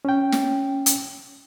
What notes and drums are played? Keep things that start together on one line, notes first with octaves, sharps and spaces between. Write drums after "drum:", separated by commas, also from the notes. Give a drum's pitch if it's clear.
C#4 G5
drum: snare
drum: hi-hat